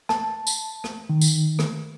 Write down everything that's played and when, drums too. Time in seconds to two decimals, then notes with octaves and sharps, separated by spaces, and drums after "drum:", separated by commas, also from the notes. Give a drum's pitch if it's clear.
0.09 A5, drum: rim click
0.47 drum: tambourine
0.84 drum: rim click
1.09 D#3
1.21 drum: tambourine
1.59 drum: rim click